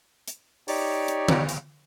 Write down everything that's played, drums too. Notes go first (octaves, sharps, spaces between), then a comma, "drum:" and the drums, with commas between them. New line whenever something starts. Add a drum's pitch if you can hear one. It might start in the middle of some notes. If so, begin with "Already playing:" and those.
drum: hi-hat
D#4 G4 C#5 D5, drum: open hi-hat
drum: hi-hat
drum: tom D3
drum: hi-hat